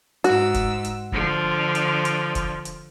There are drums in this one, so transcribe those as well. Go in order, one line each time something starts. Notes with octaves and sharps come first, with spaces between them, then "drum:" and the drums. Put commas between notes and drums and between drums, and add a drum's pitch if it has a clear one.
G#2 F#4 E6, drum: hi-hat
drum: kick, hi-hat
drum: hi-hat
D3 F3, drum: kick
drum: hi-hat
drum: hi-hat
drum: kick, hi-hat
drum: hi-hat